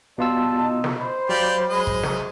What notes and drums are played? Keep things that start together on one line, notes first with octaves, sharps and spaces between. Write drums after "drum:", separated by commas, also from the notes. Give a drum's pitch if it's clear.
B2 G3 F4 A5 E6
D#4
drum: snare
C5 B5
F#3 G4 D5 F5
G#3 D#5
drum: kick
drum: snare